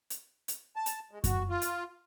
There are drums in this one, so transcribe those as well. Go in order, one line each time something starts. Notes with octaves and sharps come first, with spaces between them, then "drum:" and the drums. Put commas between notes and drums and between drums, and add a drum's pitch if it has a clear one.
drum: hi-hat
drum: hi-hat
A5
drum: hi-hat
G#3
F#4, drum: kick F#2, hi-hat
F4
drum: hi-hat